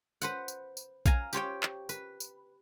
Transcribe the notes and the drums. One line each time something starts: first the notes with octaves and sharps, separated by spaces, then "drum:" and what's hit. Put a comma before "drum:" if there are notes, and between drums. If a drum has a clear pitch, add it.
B4 C5 F#5, drum: tambourine
drum: tambourine
drum: tambourine
F5 G#5 A#5, drum: kick A#1, tambourine
G4 C5 C#5 G5, drum: tambourine
drum: clap
B4, drum: tambourine
drum: tambourine